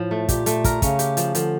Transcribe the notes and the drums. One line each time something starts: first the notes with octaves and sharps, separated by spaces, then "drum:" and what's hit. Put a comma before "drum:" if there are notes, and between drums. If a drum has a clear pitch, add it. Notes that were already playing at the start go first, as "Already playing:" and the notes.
Already playing: A2 F3
A3
A#2 G4, drum: kick, hi-hat
A3, drum: hi-hat
A#4, drum: kick, hi-hat
C#3 C#4, drum: kick, hi-hat
G4, drum: hi-hat
F3, drum: hi-hat
D3 F3, drum: hi-hat